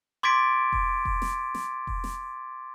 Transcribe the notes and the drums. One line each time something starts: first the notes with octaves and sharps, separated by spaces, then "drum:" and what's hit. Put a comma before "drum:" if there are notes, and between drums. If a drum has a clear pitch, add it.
C6 D6 G#6 A6 B6 D7
drum: kick F1
drum: kick F1
drum: snare
drum: snare
drum: kick F1
drum: snare